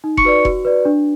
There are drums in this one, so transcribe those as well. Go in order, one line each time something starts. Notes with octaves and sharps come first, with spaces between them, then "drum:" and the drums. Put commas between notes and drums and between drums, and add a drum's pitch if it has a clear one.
D#4
C#6 C#7, drum: kick F1
F#4 B4 D5
F#4, drum: kick F1
B4 D5
D4